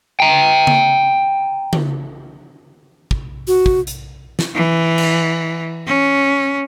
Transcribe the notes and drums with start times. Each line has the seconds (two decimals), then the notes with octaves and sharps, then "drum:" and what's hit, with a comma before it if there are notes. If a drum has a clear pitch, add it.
0.20 G5 A#5
0.67 drum: tom C#3
1.73 drum: tom C#3
3.11 drum: kick
3.47 F#4
3.66 drum: kick
3.87 drum: hi-hat
4.39 drum: snare
4.55 E3
4.98 drum: cymbal
5.87 C#4